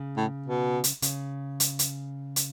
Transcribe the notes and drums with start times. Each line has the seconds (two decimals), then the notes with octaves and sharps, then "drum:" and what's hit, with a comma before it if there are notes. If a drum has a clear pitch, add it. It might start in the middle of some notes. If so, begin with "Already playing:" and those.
Already playing: C#3
0.17 A2
0.46 B2
0.84 drum: hi-hat
1.02 C#3, drum: hi-hat
1.60 drum: hi-hat
1.79 drum: hi-hat
2.36 drum: hi-hat